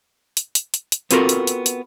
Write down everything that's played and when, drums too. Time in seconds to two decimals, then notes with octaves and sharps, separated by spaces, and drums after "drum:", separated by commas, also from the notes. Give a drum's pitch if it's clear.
0.37 drum: hi-hat
0.55 drum: hi-hat
0.74 drum: hi-hat
0.92 drum: hi-hat
1.11 B3 C4 F4 F#4 A4 A#4, drum: hi-hat
1.29 drum: hi-hat
1.47 drum: hi-hat
1.66 drum: hi-hat